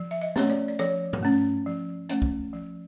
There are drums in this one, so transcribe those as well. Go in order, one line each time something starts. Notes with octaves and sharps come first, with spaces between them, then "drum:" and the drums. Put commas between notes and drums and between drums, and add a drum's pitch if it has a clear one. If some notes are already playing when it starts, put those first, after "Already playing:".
Already playing: F3
E5
D#5
A3 C#4 C#5, drum: snare
D5
D5
F3 C#5, drum: rim click
drum: tom
A3 C#4
F3
A3 C#4, drum: hi-hat
drum: kick
F3